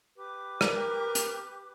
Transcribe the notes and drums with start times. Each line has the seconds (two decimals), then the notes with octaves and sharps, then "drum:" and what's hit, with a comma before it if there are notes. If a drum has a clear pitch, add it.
0.15 G4 B4 D6
0.61 A#4, drum: rim click
1.15 drum: hi-hat